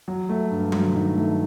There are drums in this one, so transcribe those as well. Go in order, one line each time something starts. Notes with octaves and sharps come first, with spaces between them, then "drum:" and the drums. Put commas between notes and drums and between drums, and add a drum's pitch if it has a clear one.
F#3
A3
G2
F#3, drum: tom F#3
D#3
A3